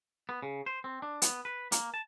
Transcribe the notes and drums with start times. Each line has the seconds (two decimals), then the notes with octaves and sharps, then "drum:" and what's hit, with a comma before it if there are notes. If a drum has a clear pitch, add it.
0.29 B3
0.42 C#3
0.66 C5
0.84 C4
1.02 D4
1.22 B3, drum: hi-hat
1.45 B4
1.72 A#3, drum: hi-hat
1.94 A5